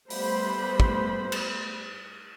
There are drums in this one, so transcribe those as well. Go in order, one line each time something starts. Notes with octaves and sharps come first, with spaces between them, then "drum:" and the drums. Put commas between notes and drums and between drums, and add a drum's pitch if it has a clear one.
G3 A3 B3 C5 B5, drum: open hi-hat
drum: kick
drum: cymbal